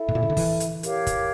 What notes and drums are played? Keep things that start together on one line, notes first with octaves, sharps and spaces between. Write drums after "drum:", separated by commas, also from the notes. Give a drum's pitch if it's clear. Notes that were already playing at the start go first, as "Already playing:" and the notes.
Already playing: E4 A4 E5
A2
A#2
C#3
D3
E3, drum: kick, open hi-hat
drum: hi-hat
G4 A#4 C#5 F5, drum: hi-hat
drum: kick, hi-hat